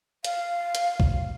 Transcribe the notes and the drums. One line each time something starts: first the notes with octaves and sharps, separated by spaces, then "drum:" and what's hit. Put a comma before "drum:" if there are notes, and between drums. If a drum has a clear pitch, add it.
F5, drum: hi-hat
drum: hi-hat
drum: kick